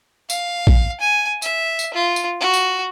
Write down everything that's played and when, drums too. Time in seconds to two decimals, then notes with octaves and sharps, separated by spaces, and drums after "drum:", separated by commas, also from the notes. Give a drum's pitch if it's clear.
0.30 F5, drum: tambourine
0.67 drum: kick
1.00 G#5
1.42 E5, drum: tambourine
1.79 drum: tambourine
1.94 F4
2.16 drum: tambourine
2.40 F#4
2.54 drum: tambourine